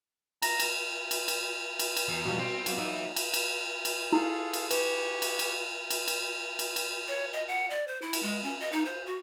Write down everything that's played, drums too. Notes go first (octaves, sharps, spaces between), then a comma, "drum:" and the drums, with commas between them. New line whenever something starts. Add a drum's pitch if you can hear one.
A#5, drum: cymbal
drum: cymbal
drum: cymbal
drum: cymbal
drum: cymbal
drum: cymbal
E2
B2 F3 G3
C4 C5
F#3 A#3, drum: cymbal
D#4 B4 D5 E5
drum: cymbal
drum: cymbal
drum: cymbal
E4 F4 G#4 A4
drum: cymbal
G4 B4 G#5 C#6, drum: cymbal
drum: cymbal
drum: cymbal
drum: cymbal
drum: cymbal
drum: cymbal
drum: cymbal
C#5
D#5
F#5
D5
C5
E4
drum: cymbal
G#3
C#4
D#5
D#4
C5
F#4